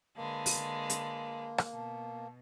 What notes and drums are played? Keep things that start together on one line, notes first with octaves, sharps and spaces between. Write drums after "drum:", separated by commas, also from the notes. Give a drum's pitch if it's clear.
D3 G#3 A#3 B4 A5
drum: open hi-hat
drum: hi-hat
drum: rim click
B2 A5